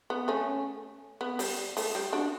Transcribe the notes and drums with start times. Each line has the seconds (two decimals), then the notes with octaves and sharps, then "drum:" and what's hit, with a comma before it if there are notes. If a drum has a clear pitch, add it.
0.10 B3
0.28 A3 C#4
1.21 B3
1.39 G3, drum: open hi-hat
1.77 A3, drum: open hi-hat
1.95 G3
2.12 D4 F#4